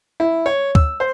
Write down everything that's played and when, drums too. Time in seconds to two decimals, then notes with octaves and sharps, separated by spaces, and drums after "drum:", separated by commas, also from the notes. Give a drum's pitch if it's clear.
0.20 E4
0.46 C#5
0.75 E6, drum: kick
1.00 C5